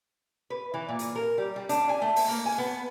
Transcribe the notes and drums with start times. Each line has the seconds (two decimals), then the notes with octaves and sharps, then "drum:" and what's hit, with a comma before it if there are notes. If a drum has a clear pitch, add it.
0.50 B4
0.74 E3
0.89 A#2
0.99 drum: hi-hat
1.16 A#4
1.38 G3
1.56 G3
1.69 D4, drum: hi-hat
1.89 G#5
2.02 A3
2.16 drum: open hi-hat
2.28 A#3
2.45 G#5
2.58 B3